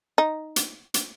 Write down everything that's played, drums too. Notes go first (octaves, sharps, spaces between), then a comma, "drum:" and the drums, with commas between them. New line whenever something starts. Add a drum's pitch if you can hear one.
D#4
drum: hi-hat
drum: hi-hat